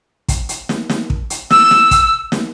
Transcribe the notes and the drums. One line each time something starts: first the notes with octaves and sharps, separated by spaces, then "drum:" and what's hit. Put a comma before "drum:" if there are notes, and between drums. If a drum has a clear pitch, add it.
drum: kick, hi-hat
drum: hi-hat
drum: snare
drum: snare
drum: kick
drum: hi-hat
E6, drum: snare
drum: snare
drum: kick, hi-hat
drum: snare